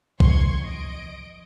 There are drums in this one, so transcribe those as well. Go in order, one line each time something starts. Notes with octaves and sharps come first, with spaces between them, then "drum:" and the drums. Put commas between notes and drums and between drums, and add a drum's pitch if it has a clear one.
F3 C6 C#6 G#6, drum: kick
D#5 D7